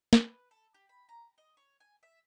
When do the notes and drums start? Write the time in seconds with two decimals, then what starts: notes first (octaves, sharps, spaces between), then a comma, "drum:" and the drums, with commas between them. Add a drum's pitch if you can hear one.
0.13 B4, drum: snare
0.51 A4
0.74 G4
0.89 B5
1.09 A#5
1.38 D#5
1.57 C#5
1.80 G#5
2.03 E5